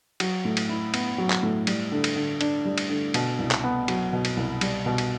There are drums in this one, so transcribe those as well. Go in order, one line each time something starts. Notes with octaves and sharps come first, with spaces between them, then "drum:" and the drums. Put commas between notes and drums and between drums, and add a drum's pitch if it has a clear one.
F#3, drum: cymbal
A2
drum: cymbal
E4
B3, drum: cymbal
F#3
drum: clap
A2
G3, drum: cymbal
D3
drum: cymbal
D3
D4, drum: cymbal
G3
drum: cymbal
D3
B2, drum: cymbal
C2
drum: clap
B3
F#3, drum: cymbal
B2
drum: cymbal
C2
G3, drum: cymbal
B2
drum: cymbal